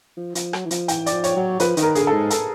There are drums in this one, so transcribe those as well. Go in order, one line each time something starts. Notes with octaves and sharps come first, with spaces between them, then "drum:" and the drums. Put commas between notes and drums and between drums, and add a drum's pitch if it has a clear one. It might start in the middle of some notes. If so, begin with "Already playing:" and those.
F3
F3, drum: hi-hat
F#3, drum: rim click
E3
F3, drum: hi-hat
E3 G5, drum: hi-hat
D5, drum: hi-hat
F3
C#5, drum: hi-hat
F#3
F3 B4, drum: hi-hat
D#3, drum: hi-hat
A#4
D3 G#4, drum: hi-hat
A4
G#2
A4, drum: hi-hat